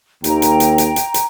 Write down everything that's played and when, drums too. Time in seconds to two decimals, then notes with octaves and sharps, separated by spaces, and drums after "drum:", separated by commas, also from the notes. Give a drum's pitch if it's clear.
0.24 D#2 G5 A#5, drum: hi-hat
0.42 drum: hi-hat
0.60 drum: hi-hat
0.78 drum: hi-hat
0.96 drum: hi-hat
1.14 drum: hi-hat